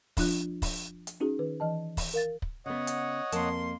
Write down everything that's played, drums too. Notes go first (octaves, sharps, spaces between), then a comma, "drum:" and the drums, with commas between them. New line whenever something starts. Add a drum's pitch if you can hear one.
F3 D4 F4 F#6, drum: kick, open hi-hat
drum: kick, open hi-hat
drum: hi-hat
C#4 D#4 F#4 G#4
D#3 B4
E3 D#5 A5
drum: kick, open hi-hat
A#4 F5 A6
drum: kick
C#3 B3 C#5 D#5 F#5
drum: hi-hat
F2 A#3 A#4 A5 C6, drum: hi-hat